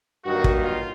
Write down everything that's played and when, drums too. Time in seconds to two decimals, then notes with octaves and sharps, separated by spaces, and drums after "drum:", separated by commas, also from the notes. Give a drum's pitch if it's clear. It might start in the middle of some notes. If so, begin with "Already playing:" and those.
0.24 G2 D#3 F#3 A#3 F#4
0.44 drum: kick
0.63 F4